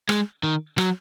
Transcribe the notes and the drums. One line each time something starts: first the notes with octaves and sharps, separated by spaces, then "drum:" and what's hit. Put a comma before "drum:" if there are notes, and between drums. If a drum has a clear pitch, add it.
G#3, drum: rim click
D#3
F#3, drum: rim click